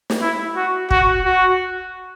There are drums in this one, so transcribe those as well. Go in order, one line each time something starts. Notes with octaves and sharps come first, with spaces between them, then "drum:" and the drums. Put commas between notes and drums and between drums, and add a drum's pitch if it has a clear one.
drum: snare
E4
F#4
F#4, drum: kick
F#4